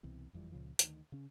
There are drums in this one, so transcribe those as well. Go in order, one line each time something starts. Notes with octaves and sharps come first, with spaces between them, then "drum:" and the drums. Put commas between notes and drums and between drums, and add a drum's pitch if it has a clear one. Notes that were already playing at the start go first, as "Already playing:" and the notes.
C2 B2 E3 C4
F#1 F2 E3 G3
C#2 A#2 C#3 F3
D2 D#3, drum: hi-hat
C#3 C#4